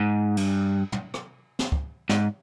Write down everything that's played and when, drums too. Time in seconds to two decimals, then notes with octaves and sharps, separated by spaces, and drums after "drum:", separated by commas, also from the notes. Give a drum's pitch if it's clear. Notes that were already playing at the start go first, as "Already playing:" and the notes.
Already playing: G#2
0.37 G2, drum: cymbal
0.92 drum: tom
1.14 drum: rim click
1.59 drum: snare
1.72 drum: kick
2.09 G#2, drum: snare